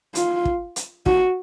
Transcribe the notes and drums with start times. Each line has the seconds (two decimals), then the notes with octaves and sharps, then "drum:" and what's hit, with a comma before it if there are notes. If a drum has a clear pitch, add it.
0.15 F4, drum: hi-hat
0.45 drum: kick
0.76 drum: hi-hat
1.06 F#4, drum: kick